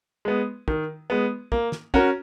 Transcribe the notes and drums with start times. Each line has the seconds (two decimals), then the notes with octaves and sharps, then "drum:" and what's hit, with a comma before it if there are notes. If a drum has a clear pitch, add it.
0.25 G#3 B3
0.68 D#3, drum: kick
1.10 G#3 B3
1.52 A#3, drum: kick
1.72 drum: snare
1.94 C#4 F#4 A#4, drum: kick